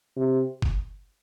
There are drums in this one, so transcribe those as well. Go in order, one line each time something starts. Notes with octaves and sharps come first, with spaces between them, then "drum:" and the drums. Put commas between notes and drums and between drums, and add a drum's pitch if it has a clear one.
C3
drum: kick G1